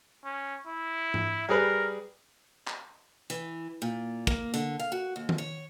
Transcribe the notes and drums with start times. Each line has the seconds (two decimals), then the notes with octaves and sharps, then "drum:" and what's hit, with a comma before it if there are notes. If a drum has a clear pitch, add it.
0.25 C#4
0.67 E4
1.14 drum: tom G#2
1.49 G3 G#4 A#4 B4
2.67 drum: clap
3.30 E3, drum: hi-hat
3.82 A#2
4.27 A#3, drum: kick
4.54 D3, drum: hi-hat
4.80 F5
4.92 F#4
5.16 D#2
5.29 drum: tom D#3
5.38 C#5